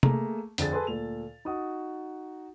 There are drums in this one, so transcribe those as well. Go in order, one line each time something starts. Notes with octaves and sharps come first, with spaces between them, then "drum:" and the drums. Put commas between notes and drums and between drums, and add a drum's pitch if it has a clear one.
A3 A#3 G#4 A#5, drum: tom
F2 D3 G#4 A6, drum: hi-hat
G#4 A4 B4 G#5 A5 C6
D2 A#2 A4 F7
D#4 F#4 D#6